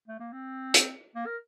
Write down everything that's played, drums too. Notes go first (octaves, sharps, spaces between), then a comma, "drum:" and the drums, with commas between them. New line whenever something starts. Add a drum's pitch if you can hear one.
A3
A#3
C4
drum: hi-hat
A#3
A#4